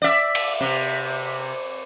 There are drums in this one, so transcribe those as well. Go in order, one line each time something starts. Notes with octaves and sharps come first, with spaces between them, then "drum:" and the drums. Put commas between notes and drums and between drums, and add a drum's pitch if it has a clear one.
D5 E5
drum: cymbal
C3